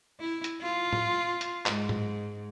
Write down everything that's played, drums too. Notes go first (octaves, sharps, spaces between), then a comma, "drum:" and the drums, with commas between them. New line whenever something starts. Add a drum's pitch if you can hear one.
E4
drum: hi-hat
F4
drum: tom A2
drum: hi-hat
G#2, drum: clap
drum: tom A2